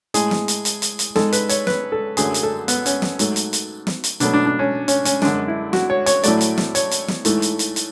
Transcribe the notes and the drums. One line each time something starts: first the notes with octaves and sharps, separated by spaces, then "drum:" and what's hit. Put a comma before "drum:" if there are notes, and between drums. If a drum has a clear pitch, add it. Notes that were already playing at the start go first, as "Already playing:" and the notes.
A2 G#3 G#4, drum: hi-hat
drum: snare
drum: hi-hat
drum: hi-hat
drum: hi-hat
drum: hi-hat
G#2 G#3 A4, drum: snare
B4, drum: hi-hat
C#5, drum: hi-hat
B4, drum: snare
A4
F#2 D3 F#3 A3 G#4, drum: hi-hat
drum: hi-hat
A4
B3, drum: hi-hat
C#4, drum: hi-hat
drum: snare
G#2 F#3 A3, drum: hi-hat
drum: hi-hat
drum: hi-hat
drum: snare
drum: hi-hat
B2 F#3 A3 D4, drum: hi-hat
D4
D4
C#4
C#4, drum: hi-hat
C#4, drum: hi-hat
F#2 D3 G#3 D4, drum: snare
E4
F#4, drum: snare
C#5
C#5, drum: hi-hat
A2 F#3 A3 D5, drum: hi-hat
drum: hi-hat
drum: snare
C#5, drum: hi-hat
drum: hi-hat
drum: snare
G#2 E3 A3, drum: hi-hat
drum: hi-hat
drum: hi-hat
drum: hi-hat